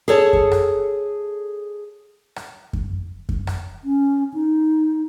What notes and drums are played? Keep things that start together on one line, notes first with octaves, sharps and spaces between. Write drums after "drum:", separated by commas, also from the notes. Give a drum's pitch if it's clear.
G#4 A4 C#5 A5
drum: kick F#2
drum: rim click
drum: rim click
drum: kick F#2
drum: kick F#2
drum: rim click
C#4
D#4